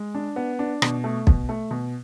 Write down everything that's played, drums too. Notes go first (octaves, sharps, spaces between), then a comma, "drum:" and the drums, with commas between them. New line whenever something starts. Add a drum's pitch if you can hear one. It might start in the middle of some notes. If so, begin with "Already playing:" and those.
Already playing: G#3
D4
B3
D4
B2, drum: rim click
A3
B2, drum: kick
A3
B2